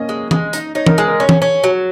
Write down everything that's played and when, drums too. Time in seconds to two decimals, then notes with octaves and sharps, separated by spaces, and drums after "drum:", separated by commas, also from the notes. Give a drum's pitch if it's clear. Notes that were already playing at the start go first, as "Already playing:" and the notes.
Already playing: A#3 C#4 D#5
0.09 G#3
0.31 G#3, drum: tom
0.53 D#4, drum: hi-hat
0.75 D#4 C#5
0.86 A#4, drum: tom
0.98 G#3 G#4
1.08 A#4
1.20 C#4 C#5
1.29 drum: tom
1.41 C#4 C#5
1.64 F#3